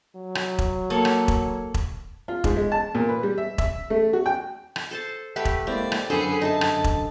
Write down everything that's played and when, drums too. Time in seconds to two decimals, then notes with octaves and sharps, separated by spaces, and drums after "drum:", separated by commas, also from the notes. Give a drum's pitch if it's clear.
0.16 F#3
0.35 drum: rim click
0.58 drum: kick E1
0.90 A#3 A4 C#5
1.05 drum: rim click
1.28 drum: kick E1
1.74 drum: kick E1
2.28 F4
2.44 G#2, drum: kick E1
2.56 G#3
2.72 A5
2.95 A#2
3.09 B4
3.23 G3
3.38 E5
3.58 E5, drum: kick E1
3.90 A3
4.13 F#4
4.26 G5
4.76 drum: rim click
4.91 A4 C5 A5
5.36 A3 G4 B4 F#5 B6
5.45 drum: kick E1
5.67 G#3 A#3 C4 E4 D5
5.92 drum: rim click
6.10 F#2 D3 G#4 A4 B4 C5
6.42 D#4 G#4 E5 A5
6.61 drum: rim click
6.84 drum: kick E1